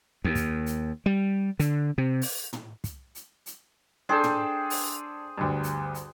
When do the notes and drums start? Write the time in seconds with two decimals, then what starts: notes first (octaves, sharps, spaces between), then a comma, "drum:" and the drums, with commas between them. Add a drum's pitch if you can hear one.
0.24 D#2
0.35 drum: kick, hi-hat
0.66 drum: hi-hat
1.06 G3
1.59 D3, drum: hi-hat
1.98 C3
2.22 drum: open hi-hat
2.53 drum: tom
2.84 drum: kick, hi-hat
3.15 drum: hi-hat
3.46 drum: hi-hat
4.09 D4 G#4 A4 C5 G5
4.24 drum: tom
4.70 drum: open hi-hat
5.38 D2 G2
5.63 drum: hi-hat
5.94 drum: hi-hat